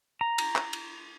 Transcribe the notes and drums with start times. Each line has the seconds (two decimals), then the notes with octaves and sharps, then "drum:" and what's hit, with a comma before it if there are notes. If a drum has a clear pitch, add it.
0.21 A#5
0.38 drum: cymbal
0.56 drum: clap
0.73 drum: cymbal